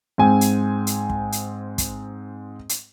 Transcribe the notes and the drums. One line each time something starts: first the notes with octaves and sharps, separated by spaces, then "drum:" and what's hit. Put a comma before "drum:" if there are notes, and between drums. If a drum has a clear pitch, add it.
G#2 C4 G#5
drum: hi-hat
drum: hi-hat
drum: kick
drum: hi-hat
drum: kick, hi-hat
drum: hi-hat